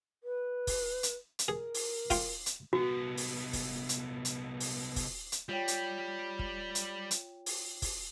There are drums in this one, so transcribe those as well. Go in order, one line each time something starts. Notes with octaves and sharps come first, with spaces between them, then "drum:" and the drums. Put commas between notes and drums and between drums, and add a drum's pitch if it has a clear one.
B4
drum: kick, open hi-hat
drum: hi-hat
drum: hi-hat
G#4 A#4
drum: open hi-hat
F4 G5 C6, drum: kick, open hi-hat
drum: hi-hat
C2 B3 F#4
drum: open hi-hat
drum: kick, open hi-hat
drum: hi-hat
drum: hi-hat
drum: open hi-hat
drum: kick, open hi-hat
drum: hi-hat
G3 F4 C#5 G5
drum: hi-hat
drum: kick
drum: hi-hat
drum: hi-hat
drum: open hi-hat
drum: kick, open hi-hat